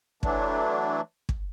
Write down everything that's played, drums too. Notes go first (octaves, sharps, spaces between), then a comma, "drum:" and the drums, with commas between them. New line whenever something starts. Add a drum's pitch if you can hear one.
E3 F#3 A3 D4, drum: kick
drum: kick